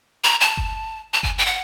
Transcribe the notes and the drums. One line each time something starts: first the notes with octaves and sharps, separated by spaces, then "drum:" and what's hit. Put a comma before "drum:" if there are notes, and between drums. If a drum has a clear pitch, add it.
A#5
A5
drum: kick F#1
A5
G#5, drum: kick F#1
G5
F#5